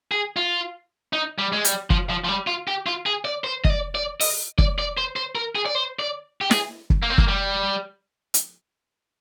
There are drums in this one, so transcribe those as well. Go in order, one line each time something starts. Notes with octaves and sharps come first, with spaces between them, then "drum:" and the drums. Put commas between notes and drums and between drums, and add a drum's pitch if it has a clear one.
G#4
F4
D#4
G3
G#3
G3, drum: hi-hat
F3, drum: kick
F3
F3
G3
F4
G4
F4
G#4
D5
C5
D#5, drum: kick
D5
D5
D#5, drum: open hi-hat
D5, drum: kick
D5
C5
C5
A#4
G#4
D5
C5
D5
G4
G#4, drum: snare
drum: kick
A#3
C4
A#3, drum: kick
G3
drum: hi-hat